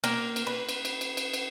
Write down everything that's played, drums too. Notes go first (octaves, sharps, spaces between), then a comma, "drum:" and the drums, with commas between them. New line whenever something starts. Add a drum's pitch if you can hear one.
A#3, drum: cymbal
drum: cymbal
B4
drum: cymbal
drum: cymbal
drum: cymbal
drum: cymbal
drum: cymbal